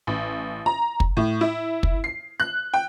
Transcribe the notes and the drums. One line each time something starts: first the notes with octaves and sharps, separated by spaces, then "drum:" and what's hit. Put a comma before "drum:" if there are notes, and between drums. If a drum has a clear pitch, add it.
A1
A#5
drum: kick
A2
E4
drum: kick
C7
F#6
G5